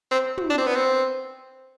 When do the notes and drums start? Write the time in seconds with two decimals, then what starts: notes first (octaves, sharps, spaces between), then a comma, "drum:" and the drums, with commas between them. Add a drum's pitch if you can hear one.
0.11 C4
0.37 drum: tom
0.50 D4
0.58 C4
0.67 B3
0.76 C4